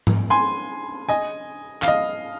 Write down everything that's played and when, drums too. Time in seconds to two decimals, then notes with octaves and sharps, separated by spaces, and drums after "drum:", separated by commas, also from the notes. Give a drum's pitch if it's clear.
0.07 drum: tom G#2
0.30 G#5 C6
1.09 D#5 G#5
1.82 F5, drum: clap
1.88 D#5